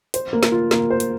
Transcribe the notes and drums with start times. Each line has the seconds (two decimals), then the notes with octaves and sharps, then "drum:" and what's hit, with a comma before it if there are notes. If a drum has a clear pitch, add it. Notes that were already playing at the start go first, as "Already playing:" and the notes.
0.14 C5, drum: hi-hat
0.33 A#3
0.43 drum: snare
0.52 F4
0.71 A#3, drum: snare
0.90 C5
1.00 drum: hi-hat